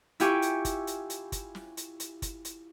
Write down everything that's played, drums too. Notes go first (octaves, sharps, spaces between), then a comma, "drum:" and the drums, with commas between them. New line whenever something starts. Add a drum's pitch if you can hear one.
E4 F4 G4 G#5 C#6 D6, drum: hi-hat
drum: hi-hat
drum: kick, hi-hat
drum: hi-hat
drum: hi-hat
drum: kick, hi-hat
drum: snare
drum: hi-hat
drum: hi-hat
drum: kick, hi-hat
drum: hi-hat